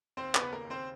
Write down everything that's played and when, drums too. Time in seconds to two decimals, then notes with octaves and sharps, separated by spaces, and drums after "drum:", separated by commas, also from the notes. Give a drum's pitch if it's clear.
0.17 D#2 C4 C5
0.35 B3 B4, drum: clap
0.41 C#3
0.53 A#3 A#4
0.65 D#2
0.70 C4 C5